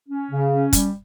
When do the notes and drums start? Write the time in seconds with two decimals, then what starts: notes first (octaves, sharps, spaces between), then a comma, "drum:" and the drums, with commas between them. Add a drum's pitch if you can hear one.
0.09 C#4
0.30 C#3
0.52 C#4
0.73 G3, drum: kick, hi-hat